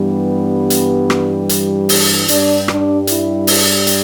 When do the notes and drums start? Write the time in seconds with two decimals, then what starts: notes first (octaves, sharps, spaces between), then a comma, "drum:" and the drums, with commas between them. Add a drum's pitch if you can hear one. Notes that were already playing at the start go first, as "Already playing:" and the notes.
Already playing: G2 E3 G3 B3
0.70 drum: hi-hat
1.10 drum: rim click
1.49 drum: hi-hat
1.89 drum: open hi-hat
2.28 G2 G3 D4, drum: hi-hat
2.68 D4, drum: rim click
3.07 E4, drum: hi-hat
3.47 drum: open hi-hat
3.87 drum: hi-hat